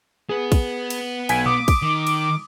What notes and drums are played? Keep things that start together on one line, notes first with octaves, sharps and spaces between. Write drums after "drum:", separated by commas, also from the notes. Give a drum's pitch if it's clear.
B3 G#4 B4
drum: kick, cymbal
drum: cymbal
B1 G#5 B6 D7, drum: cymbal
D6 D#6, drum: tom A#2
drum: kick, cymbal
D#3
drum: cymbal